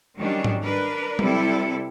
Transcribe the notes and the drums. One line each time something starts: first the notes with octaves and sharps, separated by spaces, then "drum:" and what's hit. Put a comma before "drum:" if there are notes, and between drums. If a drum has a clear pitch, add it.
D#3 F#3 G3 C#4 D4
drum: tom G#2
D4 A#4 B4
C3 G3 E4 A4, drum: tom F#3